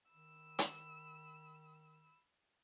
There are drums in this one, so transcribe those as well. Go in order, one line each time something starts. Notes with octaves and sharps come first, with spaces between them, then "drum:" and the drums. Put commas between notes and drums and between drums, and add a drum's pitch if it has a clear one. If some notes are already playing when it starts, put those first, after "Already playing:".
D#3 B5 E6
drum: hi-hat